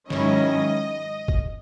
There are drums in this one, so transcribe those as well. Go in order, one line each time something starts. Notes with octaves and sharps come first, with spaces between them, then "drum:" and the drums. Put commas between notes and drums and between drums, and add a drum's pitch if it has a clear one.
G#2 D#3 F#3 C#4 E4 D#5, drum: snare
drum: kick